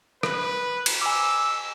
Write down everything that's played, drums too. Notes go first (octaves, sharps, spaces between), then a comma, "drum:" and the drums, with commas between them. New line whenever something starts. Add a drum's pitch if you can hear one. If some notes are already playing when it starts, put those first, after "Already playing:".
B4, drum: rim click
drum: cymbal
G#5 D6 E6